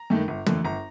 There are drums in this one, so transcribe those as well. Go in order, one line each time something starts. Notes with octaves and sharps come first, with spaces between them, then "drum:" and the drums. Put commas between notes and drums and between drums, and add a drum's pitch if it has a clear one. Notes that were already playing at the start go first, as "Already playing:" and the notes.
Already playing: A#5
G2 D#3 A3
G1
F2 D3 A3, drum: tom
G1 A#5